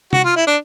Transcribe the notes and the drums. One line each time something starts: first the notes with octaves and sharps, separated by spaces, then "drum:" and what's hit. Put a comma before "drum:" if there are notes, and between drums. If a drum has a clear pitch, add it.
F#4, drum: tom C3
F4
E4
D4